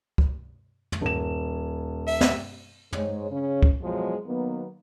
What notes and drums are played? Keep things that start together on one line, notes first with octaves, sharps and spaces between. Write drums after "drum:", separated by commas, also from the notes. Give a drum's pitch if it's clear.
drum: kick
drum: tom
D#1 E7
E5, drum: open hi-hat
drum: snare
G#2 G#3 C#5, drum: tom
C#3 C#4
drum: kick
E2 B2 F3 F#3 G#3 G#4
D#3 F#3 A#3 B3